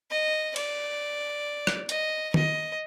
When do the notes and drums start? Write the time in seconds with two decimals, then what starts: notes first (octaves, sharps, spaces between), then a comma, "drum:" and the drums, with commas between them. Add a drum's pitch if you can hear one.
0.10 D#5
0.56 D5, drum: cymbal
1.67 drum: rim click
1.89 D#5, drum: hi-hat
2.34 D#5, drum: tom D#3